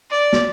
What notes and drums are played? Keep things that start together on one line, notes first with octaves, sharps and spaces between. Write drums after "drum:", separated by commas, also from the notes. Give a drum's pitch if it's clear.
D5
drum: snare